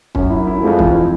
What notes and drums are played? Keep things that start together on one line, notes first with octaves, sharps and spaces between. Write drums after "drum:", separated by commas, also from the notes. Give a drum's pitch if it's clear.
F#2 C#4, drum: kick
E4
E4
F2 G#3
E3, drum: kick
E4